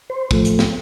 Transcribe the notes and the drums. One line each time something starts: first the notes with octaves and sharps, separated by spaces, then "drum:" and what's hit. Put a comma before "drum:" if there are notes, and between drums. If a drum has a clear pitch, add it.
C5
A2 F3 A3, drum: kick
drum: hi-hat
drum: snare